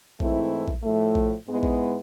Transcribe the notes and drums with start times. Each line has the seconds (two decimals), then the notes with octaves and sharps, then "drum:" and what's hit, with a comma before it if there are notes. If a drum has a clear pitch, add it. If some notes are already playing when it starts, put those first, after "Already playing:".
0.20 G#2 E3 A3 C4 E4, drum: kick A#1
0.68 drum: kick A#1
0.84 A2 F3 A3
1.15 drum: kick A#1
1.47 G#2 G#3 B3 E4
1.63 drum: kick A#1